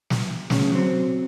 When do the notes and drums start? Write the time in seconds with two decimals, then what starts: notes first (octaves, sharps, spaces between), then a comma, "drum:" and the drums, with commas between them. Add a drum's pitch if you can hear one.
0.10 drum: snare
0.50 D2 C#3, drum: snare
0.72 F#3 C4